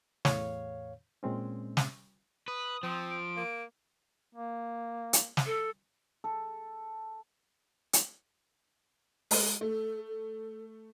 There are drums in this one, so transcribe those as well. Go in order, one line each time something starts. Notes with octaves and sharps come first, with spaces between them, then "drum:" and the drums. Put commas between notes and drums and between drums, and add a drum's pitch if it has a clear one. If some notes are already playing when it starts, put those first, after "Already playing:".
E2 A2 C#5 F5, drum: snare
A#2 G#3 C4 C#4
drum: snare
B4 D#6
F3 C4
D7
A#3
A#3
drum: hi-hat
drum: snare
A4
A4
drum: hi-hat
G#3, drum: open hi-hat
A3 A4
A4